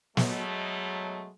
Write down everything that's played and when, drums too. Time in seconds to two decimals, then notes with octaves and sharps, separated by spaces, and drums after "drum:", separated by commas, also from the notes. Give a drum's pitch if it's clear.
0.17 B2 F#3 G#3 A3, drum: snare